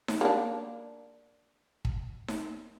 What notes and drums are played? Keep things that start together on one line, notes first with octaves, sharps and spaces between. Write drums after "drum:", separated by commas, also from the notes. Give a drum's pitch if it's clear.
drum: snare D#4
A#3 D4
drum: kick
drum: snare D#4